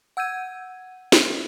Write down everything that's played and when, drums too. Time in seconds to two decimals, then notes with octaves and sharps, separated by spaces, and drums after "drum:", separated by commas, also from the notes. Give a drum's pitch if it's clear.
0.17 F#5 E6 G6 G#6 D#7
1.12 drum: snare